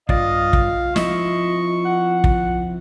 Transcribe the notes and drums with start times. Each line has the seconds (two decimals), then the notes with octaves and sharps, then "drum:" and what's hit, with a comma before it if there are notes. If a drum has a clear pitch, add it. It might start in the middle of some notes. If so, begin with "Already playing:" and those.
0.09 G2 F4 D5 D#5 F5, drum: kick
0.53 drum: kick
0.96 F3 C4 E4 D#5 C#6, drum: snare
1.85 F#5
2.24 drum: kick